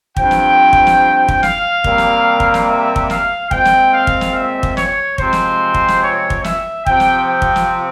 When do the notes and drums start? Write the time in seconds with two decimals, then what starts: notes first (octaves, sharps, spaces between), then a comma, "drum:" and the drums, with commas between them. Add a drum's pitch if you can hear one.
0.17 G2 F3 C4 G5, drum: kick
0.31 drum: snare
0.73 drum: kick
0.87 drum: snare
1.28 drum: kick
1.43 F5, drum: snare
1.84 C3 G3 A#3, drum: kick
1.98 drum: snare
2.40 drum: kick
2.54 drum: snare
2.68 E5
2.96 drum: kick
3.10 F5, drum: snare
3.51 A#2 G#3 C4 G5, drum: kick
3.65 drum: snare
3.93 F5
4.07 drum: kick
4.21 drum: snare
4.36 E5
4.63 drum: kick
4.77 C#5, drum: snare
5.18 C3 F3 G#3 C4 C5, drum: kick
5.33 drum: snare
5.74 drum: kick
5.88 drum: snare
6.02 C#5
6.30 drum: kick
6.44 E5, drum: snare
6.86 C3 F3 C4 G5, drum: kick
7.00 drum: snare
7.28 G5
7.42 drum: kick
7.56 drum: snare